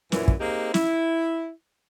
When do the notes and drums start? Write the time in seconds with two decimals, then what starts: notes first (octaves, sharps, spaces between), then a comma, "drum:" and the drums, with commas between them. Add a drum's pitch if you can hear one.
0.12 F#2 A#2 E3, drum: snare
0.28 drum: kick
0.40 A#3 C4 D#4 G4 G#4
0.74 E4, drum: snare